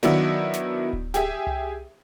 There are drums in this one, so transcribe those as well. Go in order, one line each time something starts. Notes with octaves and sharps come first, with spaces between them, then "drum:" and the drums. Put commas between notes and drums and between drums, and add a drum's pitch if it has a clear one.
D#3 F#3 B3 D4 E4, drum: snare
drum: snare
drum: kick D1
G4 G#4 E5, drum: snare
drum: tom C2